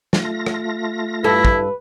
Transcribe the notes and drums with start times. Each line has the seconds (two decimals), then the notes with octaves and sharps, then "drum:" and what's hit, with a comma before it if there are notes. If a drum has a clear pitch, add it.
0.13 A3 F4 A#6, drum: snare
0.46 drum: rim click
1.24 G2 E4 A4 B4
1.45 drum: kick